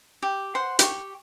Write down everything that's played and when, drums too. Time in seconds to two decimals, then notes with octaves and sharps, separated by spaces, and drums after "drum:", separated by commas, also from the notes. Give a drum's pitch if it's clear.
0.23 G4
0.55 C5 F#5 C6
0.79 G4 C#6, drum: hi-hat